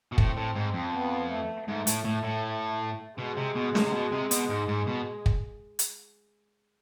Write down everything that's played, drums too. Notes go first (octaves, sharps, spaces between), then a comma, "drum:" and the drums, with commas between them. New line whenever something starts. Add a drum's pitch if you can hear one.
B2
A2 C4, drum: kick
A2
G#2
F2
B3
A3
G#2 A3
A2, drum: hi-hat
A2
A2
B2 G#3
C3
B2
A2, drum: snare
C3
B2
C3
B2, drum: hi-hat
G#2
G#2
B2
drum: kick
drum: hi-hat